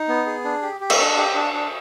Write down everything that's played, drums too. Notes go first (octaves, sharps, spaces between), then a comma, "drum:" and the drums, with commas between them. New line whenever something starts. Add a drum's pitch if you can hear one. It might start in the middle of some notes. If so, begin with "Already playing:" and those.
Already playing: D#4
B3
G#4
D4
G4
G4
drum: cymbal
D4
G4
D4
D4